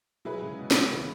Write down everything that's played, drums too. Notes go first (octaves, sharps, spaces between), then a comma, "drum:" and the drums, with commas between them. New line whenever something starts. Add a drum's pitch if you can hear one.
B2 F#3 E4 G#4 B4
G#2 C#3
B2
B2, drum: snare
B2
C#3 E3 G#3 E4 B4